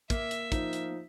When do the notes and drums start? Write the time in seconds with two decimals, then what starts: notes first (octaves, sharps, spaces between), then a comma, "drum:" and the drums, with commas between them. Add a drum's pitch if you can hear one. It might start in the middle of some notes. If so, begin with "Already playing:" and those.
0.10 A#3 E5, drum: kick, hi-hat
0.31 drum: hi-hat
0.52 F3 D#4, drum: kick, hi-hat
0.73 drum: hi-hat